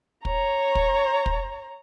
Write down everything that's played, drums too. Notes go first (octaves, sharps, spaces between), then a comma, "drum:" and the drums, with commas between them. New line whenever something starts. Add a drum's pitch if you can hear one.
C#5 A#5, drum: kick
drum: kick
drum: kick